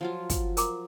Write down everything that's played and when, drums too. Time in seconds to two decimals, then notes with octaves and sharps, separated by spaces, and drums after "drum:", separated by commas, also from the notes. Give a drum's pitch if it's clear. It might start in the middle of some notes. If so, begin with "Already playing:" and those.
0.01 F3 F#3 F4
0.30 drum: kick, hi-hat
0.57 A#4 A#5 D6, drum: hi-hat